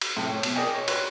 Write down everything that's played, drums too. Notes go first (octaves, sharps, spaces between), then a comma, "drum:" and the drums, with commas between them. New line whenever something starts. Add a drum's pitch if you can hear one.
drum: cymbal
A2 C3 G5
C#5
B2, drum: cymbal
G#4 A#4 D5 D#5 G5 G#5
C#5
F#4 B4 C#5 C6, drum: cymbal